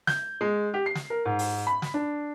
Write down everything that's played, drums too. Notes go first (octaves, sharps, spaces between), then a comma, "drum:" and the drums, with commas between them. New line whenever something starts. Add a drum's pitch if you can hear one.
G6, drum: snare
G#3
G4
C7
drum: snare
A#4
G#2
drum: open hi-hat
B5
drum: snare
D4